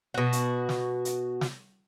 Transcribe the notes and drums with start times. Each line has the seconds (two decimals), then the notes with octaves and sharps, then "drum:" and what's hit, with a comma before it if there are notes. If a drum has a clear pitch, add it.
0.14 B2 F#4
0.33 drum: hi-hat
0.69 drum: snare
1.05 drum: hi-hat
1.41 drum: snare